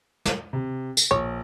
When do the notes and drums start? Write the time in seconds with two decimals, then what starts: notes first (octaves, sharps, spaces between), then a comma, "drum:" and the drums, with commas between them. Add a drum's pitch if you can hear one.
0.25 drum: snare
0.53 C3
0.97 drum: tambourine
1.11 A#1 C#5